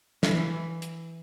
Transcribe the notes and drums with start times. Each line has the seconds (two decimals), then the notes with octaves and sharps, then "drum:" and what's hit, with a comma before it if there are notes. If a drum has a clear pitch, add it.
0.23 E3, drum: snare
0.82 drum: hi-hat